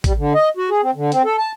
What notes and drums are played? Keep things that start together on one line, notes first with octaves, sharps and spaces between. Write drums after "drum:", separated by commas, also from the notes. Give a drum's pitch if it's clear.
G3, drum: kick, hi-hat
D3
D#5
F#4
G#4
C4
D3
C4, drum: hi-hat
A4
A5